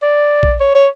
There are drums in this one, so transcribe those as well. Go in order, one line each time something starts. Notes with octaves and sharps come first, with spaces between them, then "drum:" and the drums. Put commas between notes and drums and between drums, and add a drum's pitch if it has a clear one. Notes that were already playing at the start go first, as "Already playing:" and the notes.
D5
drum: kick A#1
C#5
C#5